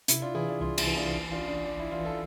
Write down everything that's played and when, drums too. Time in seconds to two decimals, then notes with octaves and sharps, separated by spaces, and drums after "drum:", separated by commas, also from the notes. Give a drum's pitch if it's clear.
0.08 C3 E4, drum: hi-hat
0.22 D4 F4
0.35 E3 E4 G#4
0.48 D4 F4
0.61 C2 D4 F4
0.78 E4, drum: cymbal
0.87 E3
0.96 D4 F4
1.14 G#1
1.31 D4 F4
1.40 E3
1.48 D4 F4
1.65 G#1 D4
1.79 E4
1.92 E3 D4 F4
2.05 F4 A4